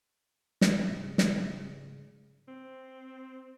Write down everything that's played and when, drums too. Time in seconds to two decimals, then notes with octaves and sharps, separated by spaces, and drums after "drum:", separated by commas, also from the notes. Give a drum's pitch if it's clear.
0.61 drum: snare
0.90 G#2 C#3 G#3
1.18 drum: snare
2.48 C4